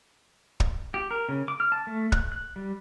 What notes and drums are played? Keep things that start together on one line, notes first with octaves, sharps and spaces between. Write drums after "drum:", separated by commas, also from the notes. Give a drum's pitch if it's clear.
drum: kick
G4
A#4
C#3
D6
F6
A5
A3
F#6, drum: kick
F#6
G3